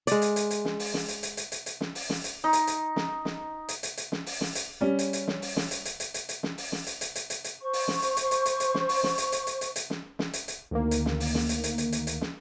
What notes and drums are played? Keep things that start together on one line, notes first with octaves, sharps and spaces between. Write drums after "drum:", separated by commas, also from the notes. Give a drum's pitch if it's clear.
G#3 D5, drum: hi-hat
drum: hi-hat
drum: hi-hat
drum: hi-hat
drum: snare
drum: open hi-hat
drum: snare
drum: hi-hat
drum: hi-hat
drum: hi-hat
drum: hi-hat
drum: hi-hat
drum: snare
drum: open hi-hat
drum: snare
drum: hi-hat
D#4
drum: hi-hat
drum: hi-hat
drum: snare
drum: snare
drum: hi-hat
drum: hi-hat
drum: hi-hat
drum: snare
drum: open hi-hat
drum: snare
drum: hi-hat
G3 C#4
drum: hi-hat
drum: hi-hat
drum: snare
drum: open hi-hat
drum: snare
drum: hi-hat
drum: hi-hat
drum: hi-hat
drum: hi-hat
drum: hi-hat
drum: snare
drum: open hi-hat
drum: snare
drum: hi-hat
drum: hi-hat
drum: hi-hat
drum: hi-hat
drum: hi-hat
C5 C#6
drum: open hi-hat
drum: snare
drum: hi-hat
drum: hi-hat
drum: hi-hat
drum: hi-hat
drum: hi-hat
drum: snare
drum: open hi-hat
drum: snare
drum: hi-hat
drum: hi-hat
drum: hi-hat
drum: hi-hat
drum: hi-hat
drum: snare
drum: snare
drum: hi-hat
drum: hi-hat
D2 D#3 A#3
drum: hi-hat
drum: snare
drum: open hi-hat
drum: snare
drum: hi-hat
drum: hi-hat
drum: hi-hat
drum: hi-hat
drum: hi-hat
drum: snare